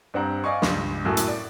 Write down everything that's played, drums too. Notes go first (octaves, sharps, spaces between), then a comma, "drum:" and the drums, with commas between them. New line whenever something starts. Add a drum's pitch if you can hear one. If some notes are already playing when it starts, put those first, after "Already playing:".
G2 C4 F#5 A#5
D5 D#5 F5 G#5 C#6
C#2 G2, drum: snare
F#2 A2 F#4 A4
drum: hi-hat
D5